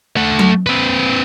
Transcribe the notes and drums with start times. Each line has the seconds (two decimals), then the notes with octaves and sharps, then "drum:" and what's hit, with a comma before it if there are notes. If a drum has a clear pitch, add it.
0.17 A3 F#5
0.39 drum: tom F#3
0.67 C4 B4